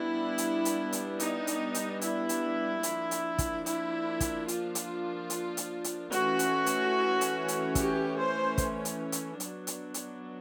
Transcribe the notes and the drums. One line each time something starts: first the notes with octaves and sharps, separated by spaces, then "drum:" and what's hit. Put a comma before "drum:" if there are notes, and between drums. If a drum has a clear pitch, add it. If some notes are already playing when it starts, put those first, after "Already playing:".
Already playing: G3 B3 D4 E4
drum: hi-hat
drum: hi-hat
drum: hi-hat
D#4, drum: hi-hat
drum: hi-hat
drum: hi-hat
E4, drum: hi-hat
drum: hi-hat
F3 A#3 D4, drum: hi-hat
drum: hi-hat
drum: kick, hi-hat
E4, drum: hi-hat
drum: kick, hi-hat
F4, drum: hi-hat
drum: hi-hat
drum: hi-hat
drum: hi-hat
drum: hi-hat
E3 A3 C#4 F#4, drum: hi-hat
drum: hi-hat
drum: hi-hat
drum: hi-hat
drum: hi-hat
G4, drum: kick, hi-hat
C5
drum: kick, hi-hat
drum: hi-hat
drum: hi-hat
F#3 B3 D4, drum: hi-hat
drum: hi-hat
drum: hi-hat